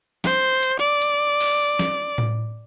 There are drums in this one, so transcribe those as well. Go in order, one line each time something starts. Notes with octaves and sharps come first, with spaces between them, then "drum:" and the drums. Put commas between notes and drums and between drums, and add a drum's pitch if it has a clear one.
C5, drum: snare
drum: hi-hat
D5
drum: hi-hat
drum: open hi-hat
drum: snare
drum: tom A2